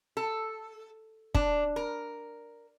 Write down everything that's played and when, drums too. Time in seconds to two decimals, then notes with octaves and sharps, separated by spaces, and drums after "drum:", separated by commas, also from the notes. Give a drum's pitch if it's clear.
0.17 A4
1.34 D4, drum: kick
1.76 A#4